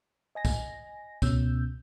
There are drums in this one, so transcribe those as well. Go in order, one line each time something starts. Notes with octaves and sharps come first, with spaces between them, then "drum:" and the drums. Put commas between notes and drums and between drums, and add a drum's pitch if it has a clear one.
D#5 G#5 A#6
drum: kick, tambourine
C#2 B2 C#4 E6 G6, drum: kick, tambourine